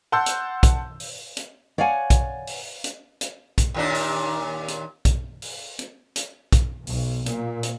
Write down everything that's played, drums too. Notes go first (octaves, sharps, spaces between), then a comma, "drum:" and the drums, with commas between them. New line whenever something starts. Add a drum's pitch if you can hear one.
F#5 A5 C6 E6 G6
drum: hi-hat
drum: kick, hi-hat
drum: open hi-hat
drum: hi-hat
C#5 D5 F5 F#5 G#5
drum: kick, hi-hat
drum: open hi-hat
drum: hi-hat
drum: hi-hat
drum: kick, hi-hat
D#2 A#2 D4
drum: open hi-hat
drum: hi-hat
drum: kick, hi-hat
drum: open hi-hat
drum: hi-hat
drum: hi-hat
drum: kick, hi-hat
B1, drum: open hi-hat
A#2, drum: hi-hat
drum: hi-hat